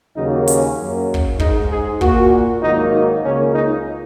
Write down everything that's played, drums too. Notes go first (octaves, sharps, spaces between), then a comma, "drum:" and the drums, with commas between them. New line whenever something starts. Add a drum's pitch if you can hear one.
D#2 C#3 F#3 A#3 D#4
C#4, drum: hi-hat
F#2 F#3 A#3
drum: kick
G#2 G#3 D#4, drum: kick
G#4
A#2 A#3 F#4, drum: kick
G#2 D#3 F#3 A#3 D#4
D#4
C#2 C#3 A#3 C#4
D#4